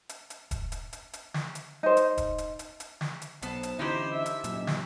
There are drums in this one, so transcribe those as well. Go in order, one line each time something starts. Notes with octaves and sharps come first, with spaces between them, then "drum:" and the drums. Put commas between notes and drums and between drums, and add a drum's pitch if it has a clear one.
drum: hi-hat
drum: hi-hat
drum: kick D#1, hi-hat
drum: hi-hat
drum: hi-hat
drum: hi-hat
drum: snare
drum: hi-hat
D#4 C5
drum: hi-hat
drum: kick D#1, hi-hat
drum: hi-hat
drum: hi-hat
drum: hi-hat
drum: snare
drum: hi-hat
B1 B3 C5 A5, drum: hi-hat
drum: hi-hat
D3 E3 C#4 D#4 E4 G4 C5 D#5
E5
drum: hi-hat
A#2 F#3, drum: hi-hat
drum: snare